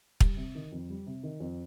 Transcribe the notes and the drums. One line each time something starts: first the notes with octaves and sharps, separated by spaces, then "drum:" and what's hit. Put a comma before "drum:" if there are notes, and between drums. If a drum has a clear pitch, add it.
G3, drum: kick
C3
D#3
F2
G3
C3
D#3
F2